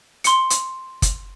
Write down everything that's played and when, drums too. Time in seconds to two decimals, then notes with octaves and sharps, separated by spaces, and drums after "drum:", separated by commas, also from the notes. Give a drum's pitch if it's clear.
0.24 C6 C#7, drum: hi-hat
0.50 drum: hi-hat
1.02 drum: kick, hi-hat